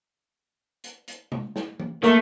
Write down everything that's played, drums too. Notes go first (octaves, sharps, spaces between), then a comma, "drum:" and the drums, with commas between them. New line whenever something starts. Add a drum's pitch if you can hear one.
drum: hi-hat
drum: hi-hat
drum: tom
drum: snare
drum: tom E3
A3 A#3 A#4, drum: hi-hat